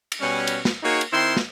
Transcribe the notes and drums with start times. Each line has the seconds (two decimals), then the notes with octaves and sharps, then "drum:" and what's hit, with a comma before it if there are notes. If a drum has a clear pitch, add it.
0.12 drum: cymbal
0.21 B2 G3 C#4
0.47 drum: cymbal
0.65 drum: snare
0.83 A#3 D#4 F#4 G#4 C#5
1.01 drum: cymbal
1.12 D#3 C4 E4 C6
1.37 drum: snare